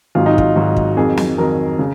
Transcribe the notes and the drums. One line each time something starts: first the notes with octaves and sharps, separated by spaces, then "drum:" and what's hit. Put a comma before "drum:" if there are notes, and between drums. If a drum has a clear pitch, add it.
G#1 G#2 F#3 F4
D#4
F4, drum: kick
G#1 G#2 F#3 F#4
drum: kick
F2 D#3 F#3 G#4
drum: snare
F2 D#3 F#3 A#4
C#3